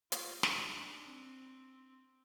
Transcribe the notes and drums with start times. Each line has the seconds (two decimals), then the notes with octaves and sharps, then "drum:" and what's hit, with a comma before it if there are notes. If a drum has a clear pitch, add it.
0.12 F4, drum: hi-hat
0.43 D#4, drum: snare
0.76 D4
1.07 C4